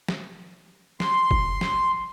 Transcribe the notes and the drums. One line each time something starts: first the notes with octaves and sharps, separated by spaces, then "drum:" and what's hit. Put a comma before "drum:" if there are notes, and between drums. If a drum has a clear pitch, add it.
drum: snare
C6, drum: snare
drum: kick
drum: snare